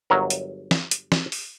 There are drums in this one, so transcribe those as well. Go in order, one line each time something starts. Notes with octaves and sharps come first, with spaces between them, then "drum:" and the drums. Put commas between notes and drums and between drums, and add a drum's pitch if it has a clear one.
G1 F#3 A#4
drum: hi-hat
drum: snare
drum: hi-hat
drum: snare
drum: open hi-hat